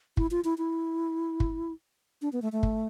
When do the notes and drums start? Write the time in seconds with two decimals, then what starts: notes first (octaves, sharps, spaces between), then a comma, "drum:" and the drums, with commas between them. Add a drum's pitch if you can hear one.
0.17 E4, drum: kick
0.31 F4
0.45 E4
0.58 E4
1.40 drum: kick
2.22 D4
2.33 B3
2.42 A3
2.52 A3
2.63 drum: kick